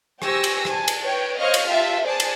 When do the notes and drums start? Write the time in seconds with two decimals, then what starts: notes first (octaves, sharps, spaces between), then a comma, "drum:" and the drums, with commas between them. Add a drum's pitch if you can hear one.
0.22 G4 C5 G#5 C#6 E6 A#6, drum: rim click
0.44 drum: cymbal
0.65 G#5 A5, drum: rim click
0.88 drum: cymbal
1.03 B4 C#5 G5
1.38 C5 C#5 D#5 F5 C#6 F6
1.54 drum: cymbal
1.69 F4 G4 E5 A5
2.05 G#4 C5 D5 A5
2.20 drum: cymbal